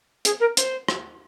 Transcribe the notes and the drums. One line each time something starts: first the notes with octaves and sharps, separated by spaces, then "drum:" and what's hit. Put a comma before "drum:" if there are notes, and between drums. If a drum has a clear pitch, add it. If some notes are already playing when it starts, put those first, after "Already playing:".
G#4, drum: hi-hat
A#4
C5, drum: hi-hat
drum: rim click